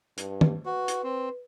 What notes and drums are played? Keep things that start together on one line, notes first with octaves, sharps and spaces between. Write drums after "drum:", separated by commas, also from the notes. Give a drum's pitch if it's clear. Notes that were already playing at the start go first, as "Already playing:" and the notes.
G2, drum: hi-hat
drum: tom
F#4 B4
drum: hi-hat
C4